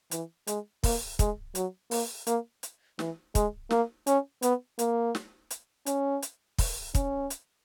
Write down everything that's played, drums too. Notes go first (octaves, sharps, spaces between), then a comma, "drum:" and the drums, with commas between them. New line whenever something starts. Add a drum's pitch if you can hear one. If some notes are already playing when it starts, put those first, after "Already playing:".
E3, drum: hi-hat
G#3, drum: hi-hat
A#3, drum: kick, open hi-hat
G#3, drum: kick, hi-hat
F#3, drum: hi-hat
A#3, drum: open hi-hat
A#3, drum: hi-hat
drum: hi-hat
E3, drum: snare
G#3, drum: kick, hi-hat
A#3, drum: snare
C#4, drum: hi-hat
B3, drum: hi-hat
A#3, drum: hi-hat
drum: snare
drum: hi-hat
C#4, drum: hi-hat
drum: hi-hat
drum: kick, open hi-hat
C#4, drum: kick, hi-hat
drum: hi-hat